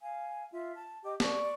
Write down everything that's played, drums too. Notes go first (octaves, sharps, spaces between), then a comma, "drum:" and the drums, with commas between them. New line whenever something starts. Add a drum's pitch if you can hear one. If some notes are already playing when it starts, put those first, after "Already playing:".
F5 G#5
F4 E5
A5
G4 D#5 G5 D6
D5 C#6, drum: snare